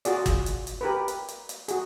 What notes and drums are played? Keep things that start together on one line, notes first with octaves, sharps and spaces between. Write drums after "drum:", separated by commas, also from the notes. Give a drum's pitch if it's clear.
F4 F#4 G#4 D5, drum: hi-hat
drum: kick G1, hi-hat
drum: hi-hat
drum: hi-hat
G4 A#4 B4
drum: hi-hat
drum: hi-hat
drum: hi-hat
F#4 G#4, drum: hi-hat